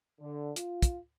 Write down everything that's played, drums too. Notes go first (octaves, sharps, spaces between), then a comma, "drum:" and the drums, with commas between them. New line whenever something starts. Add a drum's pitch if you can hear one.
D3
F4, drum: hi-hat
drum: kick, hi-hat